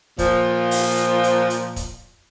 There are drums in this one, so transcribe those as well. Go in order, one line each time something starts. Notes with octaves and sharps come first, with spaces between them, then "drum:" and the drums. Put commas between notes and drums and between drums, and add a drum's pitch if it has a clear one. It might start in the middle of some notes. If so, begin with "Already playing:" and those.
A#2 F3, drum: kick, hi-hat
drum: open hi-hat
drum: hi-hat
drum: hi-hat
drum: hi-hat
drum: kick, hi-hat